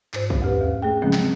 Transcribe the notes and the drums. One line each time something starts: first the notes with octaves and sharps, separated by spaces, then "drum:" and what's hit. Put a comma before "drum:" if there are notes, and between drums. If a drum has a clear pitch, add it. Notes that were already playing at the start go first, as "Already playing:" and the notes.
G#2 C5, drum: clap
drum: kick
E2 G4 B4
D#2
A3 G#4 G5
C#3 F3 F#3 G#3 C4 C#4
drum: clap